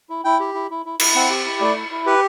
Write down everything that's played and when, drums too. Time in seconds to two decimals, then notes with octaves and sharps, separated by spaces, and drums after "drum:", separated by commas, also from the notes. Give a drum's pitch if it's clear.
0.10 E4
0.24 E4 G5
0.40 G4
0.54 E4
0.71 E4
0.86 E4
1.00 E4, drum: cymbal
1.15 C4 F#5
1.30 G4
1.45 E4
1.60 A3 D5
1.76 E4
1.91 E4
2.06 G4 B4